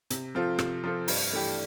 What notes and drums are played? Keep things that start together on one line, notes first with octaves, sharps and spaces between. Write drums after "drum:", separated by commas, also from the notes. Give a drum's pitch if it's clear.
C3, drum: hi-hat
F3 C4 F4 A4
C3, drum: rim click
F3 C4 F4 A4
G2, drum: open hi-hat
E3 A3 D4 G4